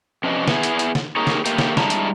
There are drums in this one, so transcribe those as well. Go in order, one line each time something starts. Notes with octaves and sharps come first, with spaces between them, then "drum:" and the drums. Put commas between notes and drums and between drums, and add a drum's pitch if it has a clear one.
C3 F3 C#4 D4 B4 D#5
B3 E4 G#4, drum: snare
drum: hi-hat
drum: hi-hat
drum: snare
A#3 D#4 G4 G#4 A#4 C#5
drum: snare
A3 A#3 G4, drum: hi-hat
drum: snare
G3 G#3 D4 E4 A5 A#5, drum: snare
drum: hi-hat